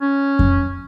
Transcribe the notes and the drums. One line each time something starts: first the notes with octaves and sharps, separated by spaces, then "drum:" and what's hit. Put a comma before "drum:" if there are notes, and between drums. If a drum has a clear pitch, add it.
C#4
drum: kick F2